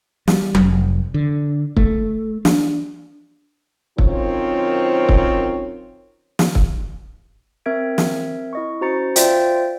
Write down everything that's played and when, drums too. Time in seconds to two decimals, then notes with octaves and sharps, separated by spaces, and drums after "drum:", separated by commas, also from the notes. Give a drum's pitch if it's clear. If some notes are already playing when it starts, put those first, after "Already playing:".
0.28 G3, drum: snare
0.55 F1, drum: tom F#3
1.14 D3
1.77 A3, drum: kick
2.45 D4, drum: snare
3.98 F#2 D#3 C4 F4 C5 C#5, drum: kick
5.09 drum: kick
6.39 drum: snare
6.55 drum: kick
7.66 C4 A#4 E5 G#6 D7
7.98 drum: snare
8.53 E4 D#5 C#6
8.81 C#4 F#4 C5 A#5 A6 C#7
9.16 F4 C5 D5 E5 G5, drum: hi-hat